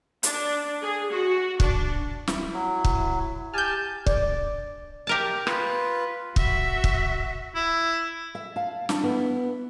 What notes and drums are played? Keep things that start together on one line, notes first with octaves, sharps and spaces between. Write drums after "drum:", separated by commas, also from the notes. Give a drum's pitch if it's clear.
D4, drum: hi-hat
G#4
F#4
D4, drum: kick
E4, drum: snare
F#3
drum: kick
G4 G#5 A5 F6 G6
D5, drum: kick
G4 A#4 A5
F4 B4, drum: rim click
F#4 E5, drum: kick
drum: kick
E4
E5
F5 A5
D4, drum: snare
B3 E4